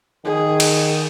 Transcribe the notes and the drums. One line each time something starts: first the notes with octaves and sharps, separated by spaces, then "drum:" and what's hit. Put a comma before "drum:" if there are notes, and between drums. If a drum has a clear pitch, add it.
D#3 G#4
drum: cymbal